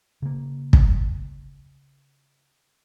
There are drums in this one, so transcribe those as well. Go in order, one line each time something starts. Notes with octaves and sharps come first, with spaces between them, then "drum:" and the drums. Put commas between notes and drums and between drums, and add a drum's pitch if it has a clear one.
C#3 A#3
drum: kick